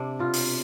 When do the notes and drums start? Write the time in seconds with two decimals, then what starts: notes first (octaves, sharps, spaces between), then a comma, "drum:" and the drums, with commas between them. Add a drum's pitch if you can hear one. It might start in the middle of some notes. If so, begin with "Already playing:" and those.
Already playing: C3 D4
0.19 B2 F4
0.34 drum: open hi-hat